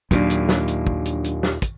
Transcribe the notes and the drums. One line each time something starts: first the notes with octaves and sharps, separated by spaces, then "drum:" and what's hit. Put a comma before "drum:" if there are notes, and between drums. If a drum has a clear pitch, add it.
D#2 A#2 F#3 D4, drum: kick, hi-hat
drum: hi-hat
drum: snare
drum: hi-hat
drum: kick
drum: hi-hat
drum: hi-hat
drum: snare
drum: kick, hi-hat